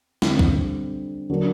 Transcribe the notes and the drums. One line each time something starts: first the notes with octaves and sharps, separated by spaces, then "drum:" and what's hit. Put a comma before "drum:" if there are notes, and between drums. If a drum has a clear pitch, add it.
D3 G3 C4, drum: snare
drum: kick
D3 F#3 A#3 D4